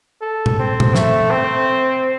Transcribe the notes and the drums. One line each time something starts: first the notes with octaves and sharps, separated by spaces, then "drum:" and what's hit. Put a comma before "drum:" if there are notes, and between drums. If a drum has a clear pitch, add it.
A4
drum: tom A#2
C4
drum: tom A#2
A3, drum: snare
C4